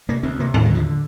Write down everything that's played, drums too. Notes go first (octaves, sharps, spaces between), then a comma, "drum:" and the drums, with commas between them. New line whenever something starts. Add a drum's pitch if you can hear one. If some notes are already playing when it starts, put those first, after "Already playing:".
C3 A#3
D2 C4
C3 A#3
D#2 C4, drum: tom A2
G#3
D3 F3